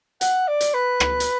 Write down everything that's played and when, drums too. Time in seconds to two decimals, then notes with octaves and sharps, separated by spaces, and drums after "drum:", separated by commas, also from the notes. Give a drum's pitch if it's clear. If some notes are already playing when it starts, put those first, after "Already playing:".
0.21 F#5, drum: hi-hat
0.48 D5
0.60 drum: hi-hat
0.74 B4
1.00 drum: rim click
1.20 drum: hi-hat